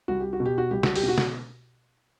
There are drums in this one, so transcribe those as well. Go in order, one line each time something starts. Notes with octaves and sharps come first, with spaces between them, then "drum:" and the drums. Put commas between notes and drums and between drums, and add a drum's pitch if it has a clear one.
C2 F#4
G4
F#4
B2
G4
F#4
C2 G4
F#4, drum: snare
G4, drum: open hi-hat
B2
F#4
drum: snare